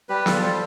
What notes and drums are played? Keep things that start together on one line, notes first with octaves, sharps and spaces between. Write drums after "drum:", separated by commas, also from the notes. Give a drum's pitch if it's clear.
G3 G4 B4
F4 A4, drum: snare
G3 A4 C5